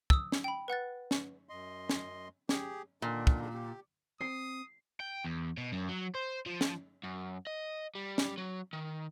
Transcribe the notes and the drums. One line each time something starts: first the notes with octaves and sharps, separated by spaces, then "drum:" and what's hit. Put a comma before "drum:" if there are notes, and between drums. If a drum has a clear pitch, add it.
D#6 E6, drum: kick
drum: snare
G5 B5
B4 F#5 F#6 A6
drum: snare
F#2 D#5 C6
drum: snare
G4 G#4, drum: snare
A#2 D3 D#3 D4
drum: kick
G4
C4 D#6 C7
G5
E2
B2
F#2
F#3
C5
F3
drum: snare
F#2
D#5
G3
drum: snare
F#3
D#3